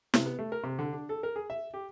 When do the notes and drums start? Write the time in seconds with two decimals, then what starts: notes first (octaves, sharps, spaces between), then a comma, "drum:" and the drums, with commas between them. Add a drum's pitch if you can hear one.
0.14 C3, drum: snare
0.26 B3
0.39 A3
0.52 A#4
0.64 C3
0.79 D3
0.93 D4
1.09 A4
1.23 A#4
1.36 G#4
1.50 E5
1.74 G4